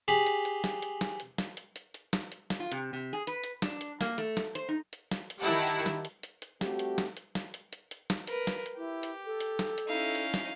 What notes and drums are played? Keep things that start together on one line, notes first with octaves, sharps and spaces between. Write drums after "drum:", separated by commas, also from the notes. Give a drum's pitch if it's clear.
G4 G#4 B5 C6
drum: hi-hat
drum: hi-hat
drum: snare
drum: hi-hat
drum: snare
drum: hi-hat
drum: snare
drum: hi-hat
drum: hi-hat
drum: hi-hat
drum: snare
drum: hi-hat
drum: snare
F4
C3, drum: hi-hat
C3
G#4
B4, drum: hi-hat
drum: hi-hat
D4, drum: snare
drum: hi-hat
A#3, drum: snare
A3, drum: hi-hat
drum: snare
C5, drum: hi-hat
D#4
drum: hi-hat
drum: snare
drum: hi-hat
D#3 E4 G4 F#5 A5
drum: hi-hat
drum: snare
drum: hi-hat
drum: hi-hat
drum: hi-hat
G3 A3 C4 F#4 G4, drum: snare
drum: hi-hat
drum: snare
drum: hi-hat
drum: snare
drum: hi-hat
drum: hi-hat
drum: hi-hat
drum: snare
A#4 B4, drum: hi-hat
drum: snare
drum: hi-hat
E4 G4
drum: hi-hat
A4
drum: hi-hat
drum: snare
drum: hi-hat
C#4 D#4 E4 F5
drum: hi-hat
drum: snare